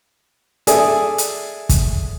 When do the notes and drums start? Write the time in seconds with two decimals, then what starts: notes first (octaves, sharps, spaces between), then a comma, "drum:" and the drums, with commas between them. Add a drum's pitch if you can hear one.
0.67 G#4 A4 D5 E5 G#5 D#6, drum: hi-hat
1.18 drum: hi-hat
1.69 drum: kick, hi-hat